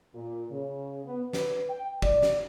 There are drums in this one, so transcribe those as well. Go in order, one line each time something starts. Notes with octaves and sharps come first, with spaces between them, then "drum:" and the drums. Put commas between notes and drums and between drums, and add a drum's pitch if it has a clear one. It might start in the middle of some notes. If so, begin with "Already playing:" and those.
A#2
C#3
B3
B4, drum: snare
G5
D5, drum: kick
drum: snare